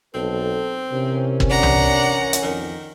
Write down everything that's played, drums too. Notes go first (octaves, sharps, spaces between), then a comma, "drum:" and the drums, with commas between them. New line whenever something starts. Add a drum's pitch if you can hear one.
B1 C4 A4
C3 E3 C#4 A#4
drum: kick
D4 F#5 A#5
drum: tom C2
drum: hi-hat
F2 D#3